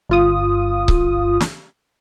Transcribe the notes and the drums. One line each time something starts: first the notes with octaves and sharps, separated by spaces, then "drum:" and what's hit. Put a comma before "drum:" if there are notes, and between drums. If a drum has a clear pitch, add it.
G1 F4 D#6
drum: kick C#1
drum: snare